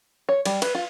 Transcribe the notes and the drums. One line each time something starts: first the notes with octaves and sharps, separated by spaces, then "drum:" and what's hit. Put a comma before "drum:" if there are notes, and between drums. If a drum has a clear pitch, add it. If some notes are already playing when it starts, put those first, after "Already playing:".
C#5
G3, drum: cymbal
B4, drum: cymbal
F4